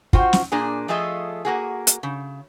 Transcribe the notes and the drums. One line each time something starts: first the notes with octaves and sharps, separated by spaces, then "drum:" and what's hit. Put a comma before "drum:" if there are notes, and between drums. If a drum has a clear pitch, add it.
F4 F#4 C5 G5, drum: kick
drum: snare
A#2 A#3 D4 G#4
F3 A3 F4 G#4 D#5 E5
A#3 F#4 G#4
drum: hi-hat
C#3